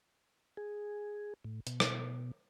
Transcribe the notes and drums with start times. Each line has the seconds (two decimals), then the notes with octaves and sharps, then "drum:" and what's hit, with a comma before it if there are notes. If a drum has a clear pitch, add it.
0.57 G#4
1.45 A2
1.67 B2, drum: hi-hat
1.80 drum: rim click